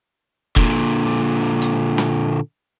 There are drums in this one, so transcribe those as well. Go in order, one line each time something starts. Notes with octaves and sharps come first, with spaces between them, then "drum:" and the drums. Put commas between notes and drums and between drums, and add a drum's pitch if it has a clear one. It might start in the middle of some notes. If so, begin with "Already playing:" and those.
A#2 D3, drum: kick
drum: hi-hat
drum: snare